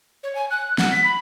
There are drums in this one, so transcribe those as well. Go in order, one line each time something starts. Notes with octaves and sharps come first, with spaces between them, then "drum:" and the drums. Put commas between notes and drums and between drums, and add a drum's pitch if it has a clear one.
C#5
G#5
F#6
F#5, drum: snare
B6
B5